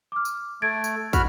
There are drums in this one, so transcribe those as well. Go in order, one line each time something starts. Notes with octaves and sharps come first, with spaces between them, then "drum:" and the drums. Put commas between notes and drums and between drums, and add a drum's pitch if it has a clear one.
D6 F6
drum: tambourine
A3 G#6 A6 D7
drum: tambourine
F#4 B5 F6, drum: kick, tambourine